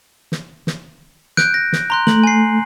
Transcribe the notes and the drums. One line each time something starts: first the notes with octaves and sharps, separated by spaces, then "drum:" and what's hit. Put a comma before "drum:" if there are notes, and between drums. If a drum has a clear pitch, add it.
drum: snare
drum: snare
F#6 G6 D7, drum: snare
A#6
drum: snare
A#5 C6 F#6
A3 F#7, drum: snare
G#5 C7